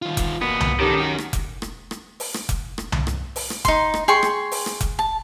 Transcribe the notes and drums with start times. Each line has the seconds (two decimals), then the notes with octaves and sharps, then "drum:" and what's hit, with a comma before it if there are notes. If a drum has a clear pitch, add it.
0.02 D#3 F4
0.17 drum: kick F1, hi-hat
0.41 A#3 B3 F#4
0.60 drum: tom C2
0.80 D#3 C#4 G4 A4
0.97 C#4 F#4
1.18 drum: rim click
1.33 drum: kick F1, hi-hat
1.62 drum: rim click
1.91 drum: rim click
2.20 drum: open hi-hat
2.34 drum: rim click
2.49 drum: kick F1, hi-hat
2.78 drum: rim click
2.92 drum: tom C2
3.07 drum: rim click
3.36 drum: open hi-hat
3.50 drum: rim click
3.65 D#4 C6, drum: kick F1, hi-hat
3.94 drum: rim click
4.08 G#4 G5 C6 C#6
4.23 drum: rim click
4.52 drum: open hi-hat
4.66 drum: rim click
4.81 drum: kick F1, hi-hat
4.99 A5